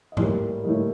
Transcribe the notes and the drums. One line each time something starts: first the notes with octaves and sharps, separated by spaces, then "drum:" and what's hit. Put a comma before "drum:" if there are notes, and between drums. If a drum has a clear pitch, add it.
D#5
A2 G3 A#3 D5, drum: tom G#2
A2 G3 A#3 D#5